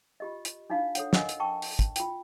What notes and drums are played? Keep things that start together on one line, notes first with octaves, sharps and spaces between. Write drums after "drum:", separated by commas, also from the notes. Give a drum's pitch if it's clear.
F4 G4 D#5
drum: hi-hat
D4 D#4 F4 F5
A4 C#5 F#5, drum: hi-hat
A#4 D#5 F#5 G#5, drum: snare
drum: hi-hat
G5 A5 C#6
drum: open hi-hat
drum: kick, hi-hat
F4 G5, drum: hi-hat